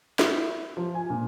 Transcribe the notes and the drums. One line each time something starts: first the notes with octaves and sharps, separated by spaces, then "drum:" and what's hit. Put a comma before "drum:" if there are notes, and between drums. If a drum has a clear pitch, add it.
E4, drum: snare
F3
G#5
A#2